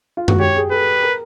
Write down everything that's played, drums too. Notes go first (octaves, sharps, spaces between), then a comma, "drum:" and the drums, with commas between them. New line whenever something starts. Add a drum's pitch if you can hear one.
F4
F#4, drum: tom F#2
G4 C#5
G#4
A4 B4
A#4